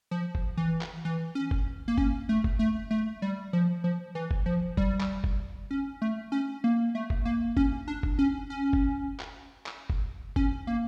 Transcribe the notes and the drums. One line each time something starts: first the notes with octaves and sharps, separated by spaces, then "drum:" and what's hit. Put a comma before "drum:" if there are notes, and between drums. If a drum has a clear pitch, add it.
F3
drum: kick F#1
E3
drum: clap
E3
C#4
drum: kick F#1
A#3
C#4, drum: kick F#1
A3
drum: kick F#1
A3
A3
G3
F3
F3
E3
drum: kick F#1
F3
G3, drum: kick F#1
drum: clap
drum: kick F#1
C#4
A3
C#4
A#3
A3
drum: kick F#1
A#3
C#4, drum: kick F#1
D4
drum: kick F#1
C#4
C#4
drum: kick F#1
drum: clap
drum: clap
drum: kick F#1
C#4, drum: kick F#1
A#3